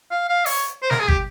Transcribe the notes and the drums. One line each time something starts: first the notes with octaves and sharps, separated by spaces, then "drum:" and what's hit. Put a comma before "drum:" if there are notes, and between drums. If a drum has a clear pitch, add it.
F5
F5
C#5, drum: open hi-hat
C5
A#4, drum: snare
G#4
G4, drum: kick